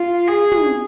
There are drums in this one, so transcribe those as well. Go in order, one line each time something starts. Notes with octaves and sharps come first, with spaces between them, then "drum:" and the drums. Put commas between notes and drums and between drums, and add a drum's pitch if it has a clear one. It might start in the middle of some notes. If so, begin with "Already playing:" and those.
Already playing: F4
G#4
drum: tom